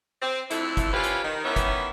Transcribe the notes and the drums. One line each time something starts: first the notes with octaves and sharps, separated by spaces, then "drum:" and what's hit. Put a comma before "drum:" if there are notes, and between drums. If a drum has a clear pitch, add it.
C4
F2 D3 A3 E4, drum: hi-hat
drum: kick G1, hi-hat
C#4 E4 F4 G4 B4 C5
drum: hi-hat
D#3
D#3 E3 B3 C#4 E4 E5
drum: kick G1, hi-hat